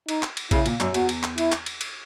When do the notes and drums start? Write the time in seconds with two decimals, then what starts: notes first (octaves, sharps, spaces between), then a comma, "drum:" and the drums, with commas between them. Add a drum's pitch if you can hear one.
0.09 D#4, drum: cymbal
0.23 drum: clap
0.37 drum: cymbal
0.51 C#3 E4, drum: kick A#1, cymbal
0.66 A#2, drum: cymbal
0.80 F#2, drum: clap
0.94 E2 F#4, drum: cymbal
1.09 drum: cymbal
1.23 drum: clap
1.38 E4, drum: cymbal
1.52 drum: clap
1.66 drum: cymbal
1.81 drum: cymbal